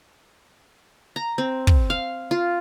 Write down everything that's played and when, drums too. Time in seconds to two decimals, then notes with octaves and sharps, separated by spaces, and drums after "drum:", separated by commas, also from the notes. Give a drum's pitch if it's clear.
1.16 A#5
1.38 C4
1.67 drum: kick
1.90 F5
2.31 F4